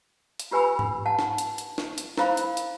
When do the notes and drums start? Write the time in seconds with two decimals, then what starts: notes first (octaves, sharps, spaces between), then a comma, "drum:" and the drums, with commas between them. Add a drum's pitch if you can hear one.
0.40 drum: hi-hat
0.51 F4 G4 B4 G#5 B5 E6
0.79 drum: tom G#2
1.06 F#5 A5
1.19 drum: snare
1.38 drum: hi-hat
1.58 drum: hi-hat
1.78 drum: snare
1.98 drum: hi-hat
2.18 E4 A#4 C5 F5 B5, drum: snare
2.37 drum: hi-hat
2.57 drum: hi-hat